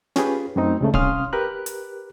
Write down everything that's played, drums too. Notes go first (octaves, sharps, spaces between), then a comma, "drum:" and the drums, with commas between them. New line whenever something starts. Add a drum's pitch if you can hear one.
C#4 F4 G4 G#4 B4, drum: snare
F#2 A3 C4 D#4
C#2 C#3 A3
C2 C#4 F5 C6 D#6 F6, drum: kick
G4 A#4 B4 F#6
drum: hi-hat